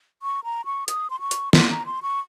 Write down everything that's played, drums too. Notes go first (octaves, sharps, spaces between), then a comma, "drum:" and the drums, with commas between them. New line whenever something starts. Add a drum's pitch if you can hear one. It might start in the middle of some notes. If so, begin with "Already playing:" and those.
C#6
A#5
C#6
D#6, drum: hi-hat
C6
C#6
drum: hi-hat
C6, drum: snare
A#5
C6
C#6